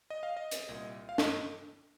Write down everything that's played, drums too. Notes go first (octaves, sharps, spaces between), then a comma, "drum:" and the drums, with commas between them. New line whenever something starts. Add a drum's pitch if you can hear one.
D#5
F5
D#5
drum: hi-hat
C2 A#2 D#5
F5
D#5, drum: snare
D#5